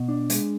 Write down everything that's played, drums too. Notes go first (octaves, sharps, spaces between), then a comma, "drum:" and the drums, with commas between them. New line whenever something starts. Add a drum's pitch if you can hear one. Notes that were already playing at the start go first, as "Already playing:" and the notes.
Already playing: B2
D4
G#3, drum: hi-hat